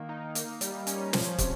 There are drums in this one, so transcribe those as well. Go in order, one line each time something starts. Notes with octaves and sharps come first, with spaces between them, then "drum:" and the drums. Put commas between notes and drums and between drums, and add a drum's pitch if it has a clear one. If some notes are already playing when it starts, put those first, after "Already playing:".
Already playing: D#3 A#3
D#4
A#3, drum: hi-hat
G3, drum: hi-hat
C#4, drum: hi-hat
F3, drum: snare
C3, drum: kick, hi-hat